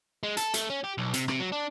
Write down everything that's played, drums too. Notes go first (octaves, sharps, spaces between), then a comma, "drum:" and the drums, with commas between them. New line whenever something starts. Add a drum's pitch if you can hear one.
G#3
A4, drum: hi-hat
A3, drum: hi-hat
C#4
G4
B1
C3, drum: hi-hat
C3, drum: rim click
F#3
D4